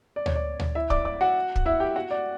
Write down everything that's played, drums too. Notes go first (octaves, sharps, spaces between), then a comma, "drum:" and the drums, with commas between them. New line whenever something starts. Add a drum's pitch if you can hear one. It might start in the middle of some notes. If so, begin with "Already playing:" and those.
D5
C#5, drum: tom D2
D5
drum: tom D2
E4 E5
D5 D6, drum: kick
D5 D6
F#4 F#5
drum: kick
E4 E5
G4 G5
F#4 F#5
D5